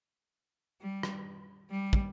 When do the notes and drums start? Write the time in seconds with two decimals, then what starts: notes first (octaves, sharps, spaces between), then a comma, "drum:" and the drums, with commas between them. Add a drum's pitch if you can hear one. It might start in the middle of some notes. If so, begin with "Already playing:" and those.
0.81 G3
1.03 drum: rim click
1.70 G3
1.93 drum: kick